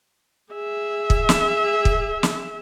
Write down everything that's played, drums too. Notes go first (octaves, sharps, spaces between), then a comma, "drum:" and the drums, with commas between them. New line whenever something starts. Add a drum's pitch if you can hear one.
G#4 E5
drum: kick
drum: snare
drum: kick
drum: snare